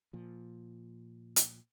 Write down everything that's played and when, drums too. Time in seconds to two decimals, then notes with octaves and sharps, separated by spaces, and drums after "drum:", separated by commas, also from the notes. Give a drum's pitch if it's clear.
0.13 A#2 F3
1.36 drum: hi-hat